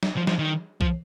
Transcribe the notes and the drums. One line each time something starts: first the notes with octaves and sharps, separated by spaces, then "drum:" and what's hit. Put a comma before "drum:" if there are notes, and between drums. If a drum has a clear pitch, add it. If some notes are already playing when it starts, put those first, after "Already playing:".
drum: snare
F3
F3, drum: snare
D#3
F3, drum: kick B1